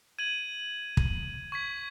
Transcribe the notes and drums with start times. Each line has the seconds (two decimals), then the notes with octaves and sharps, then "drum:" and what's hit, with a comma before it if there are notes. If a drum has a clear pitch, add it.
0.19 G#6 D#7 F#7
0.97 drum: kick
1.52 C#6 G#6 B6